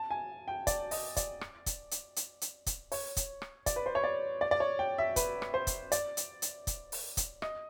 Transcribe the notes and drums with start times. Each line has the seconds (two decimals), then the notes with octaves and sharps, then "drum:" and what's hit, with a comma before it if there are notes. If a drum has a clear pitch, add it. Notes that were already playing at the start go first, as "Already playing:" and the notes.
Already playing: A5
0.11 G#5
0.48 G5
0.67 D5, drum: kick, hi-hat
0.91 D#5, drum: open hi-hat
1.17 D5, drum: kick, hi-hat
1.41 drum: rim click
1.66 drum: kick, hi-hat
1.91 drum: hi-hat
2.16 drum: hi-hat
2.41 drum: hi-hat
2.66 drum: kick, hi-hat
2.92 C#5, drum: open hi-hat
3.17 drum: kick, hi-hat
3.42 drum: rim click
3.66 D5, drum: kick, hi-hat
3.76 B4
3.86 C5
3.95 C#5
4.04 D5
4.41 D5
4.51 D5
4.60 C#5
4.79 G5
4.98 E5
5.16 B4, drum: kick, hi-hat
5.42 drum: rim click
5.54 C5
5.67 drum: kick, hi-hat
5.92 D5, drum: hi-hat
6.17 drum: hi-hat
6.42 drum: hi-hat
6.67 drum: kick, hi-hat
6.92 drum: open hi-hat
7.17 drum: kick, hi-hat
7.42 D#5, drum: rim click